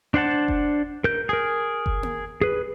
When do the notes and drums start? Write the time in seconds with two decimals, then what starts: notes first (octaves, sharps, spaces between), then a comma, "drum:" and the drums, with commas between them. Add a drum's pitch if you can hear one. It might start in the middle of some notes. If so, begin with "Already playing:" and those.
0.14 D4 C5 F#5 A5
0.48 drum: kick F#1
1.04 A#4 G6
1.29 G#4 A#4
1.86 drum: kick F#1
2.03 drum: tom A#3
2.41 G#4 B4